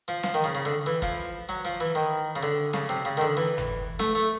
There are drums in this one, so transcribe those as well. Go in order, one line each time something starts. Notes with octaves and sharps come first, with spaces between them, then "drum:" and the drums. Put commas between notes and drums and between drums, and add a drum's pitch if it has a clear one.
F3
F3, drum: snare
D#3
C#3
C#3
D3
E3
F3, drum: kick
F#3
F3
E3
D#3
C#3
D3
C#3, drum: snare
C3
C#3
D#3
D3
E3
drum: tom
A3, drum: snare
A3